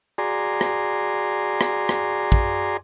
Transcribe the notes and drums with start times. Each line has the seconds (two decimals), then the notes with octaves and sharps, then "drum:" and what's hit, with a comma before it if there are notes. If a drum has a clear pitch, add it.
0.18 F#4 G#4 D5 G#5 A#5 C6
0.61 drum: rim click
1.61 drum: rim click
1.89 drum: rim click
2.32 drum: kick